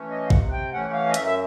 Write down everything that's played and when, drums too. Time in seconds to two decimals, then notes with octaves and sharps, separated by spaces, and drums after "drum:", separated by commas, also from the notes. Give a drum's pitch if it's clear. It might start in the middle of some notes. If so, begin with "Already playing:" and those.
Already playing: E3 A3 C#4
0.11 D#5
0.27 F5
0.30 C3 F#5, drum: kick A1
0.52 G5
0.73 E3 A3 C#4 F#5
0.93 F5
1.09 D#5
1.14 F#2 E5, drum: hi-hat
1.25 E5